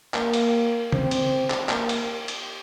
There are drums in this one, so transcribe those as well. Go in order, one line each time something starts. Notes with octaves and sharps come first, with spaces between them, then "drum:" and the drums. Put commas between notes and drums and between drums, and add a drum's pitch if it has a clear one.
A#3, drum: clap
drum: cymbal
C4, drum: tom
drum: cymbal
drum: clap
A#3, drum: clap
drum: cymbal
drum: cymbal